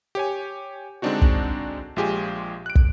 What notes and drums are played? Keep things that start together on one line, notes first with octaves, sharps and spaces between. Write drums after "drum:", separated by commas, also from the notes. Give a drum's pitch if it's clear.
G4 C#5 G#5
D3 G#3 C4 D4 D#4 F#4
drum: kick
A#1 G#3 F4 G4 G#4 G#5
F#6 D7
drum: kick